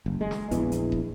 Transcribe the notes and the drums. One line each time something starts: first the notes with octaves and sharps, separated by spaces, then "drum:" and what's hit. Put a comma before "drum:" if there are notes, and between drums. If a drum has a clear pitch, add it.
F#1
G#3
drum: snare
A#1 E2 E3, drum: hi-hat
drum: hi-hat
drum: kick